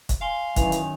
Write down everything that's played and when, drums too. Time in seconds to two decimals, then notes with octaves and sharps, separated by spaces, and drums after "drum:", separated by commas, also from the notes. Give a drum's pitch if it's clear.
0.09 drum: kick, hi-hat
0.21 F5 G#5 C6 G7
0.56 F#2 D#3 E3 G5 G#5 F7, drum: kick, hi-hat
0.72 drum: hi-hat